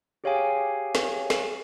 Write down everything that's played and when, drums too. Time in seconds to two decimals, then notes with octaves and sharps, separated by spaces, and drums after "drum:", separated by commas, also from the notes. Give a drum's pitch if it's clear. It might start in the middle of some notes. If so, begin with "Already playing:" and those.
0.24 G4 G#4 C#5 F5 G5 G#5
0.95 drum: snare
1.30 drum: snare